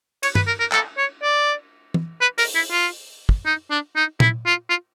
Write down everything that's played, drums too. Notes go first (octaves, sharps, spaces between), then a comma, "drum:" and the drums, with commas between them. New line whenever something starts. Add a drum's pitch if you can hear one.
C#5, drum: cymbal
B4, drum: tom G2
A#4
A#4
A4, drum: clap
C#5
D5
drum: tom
B4
A#4, drum: open hi-hat
E4
F4
drum: kick
D#4
D4
D#4
E4, drum: tom
F4
F4